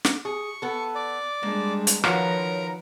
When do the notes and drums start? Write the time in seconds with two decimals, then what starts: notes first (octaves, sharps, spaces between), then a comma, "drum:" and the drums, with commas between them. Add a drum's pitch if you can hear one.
0.05 drum: snare
0.25 G#4 C#6
0.62 B3 A4
0.95 D5
1.43 G3 G#3 A#3 D4
1.87 drum: hi-hat
2.04 D#3 F3 F4 F#4 A#4 B4 C#5 A#5, drum: rim click